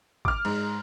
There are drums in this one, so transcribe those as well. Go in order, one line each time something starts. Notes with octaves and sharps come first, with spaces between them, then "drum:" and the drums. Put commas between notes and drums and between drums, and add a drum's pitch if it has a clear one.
D6 F6, drum: kick
G#2, drum: cymbal